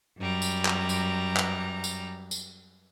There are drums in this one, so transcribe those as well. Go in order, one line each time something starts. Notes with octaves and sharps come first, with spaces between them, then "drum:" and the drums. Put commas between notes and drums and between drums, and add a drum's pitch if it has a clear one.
F#2 G3 A#5
drum: tambourine
drum: clap
drum: tambourine
drum: clap
drum: tambourine
drum: tambourine